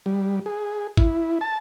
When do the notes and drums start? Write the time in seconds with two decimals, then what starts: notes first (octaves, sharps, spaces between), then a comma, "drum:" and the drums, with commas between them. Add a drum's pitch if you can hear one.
0.06 G3
0.46 G#4
0.97 E4, drum: kick
1.41 A5